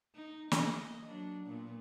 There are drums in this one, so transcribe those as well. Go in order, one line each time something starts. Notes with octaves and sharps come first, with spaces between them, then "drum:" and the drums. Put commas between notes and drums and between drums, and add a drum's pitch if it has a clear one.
D#4
A#3 D#5, drum: snare
F#3 D4
A#2 B3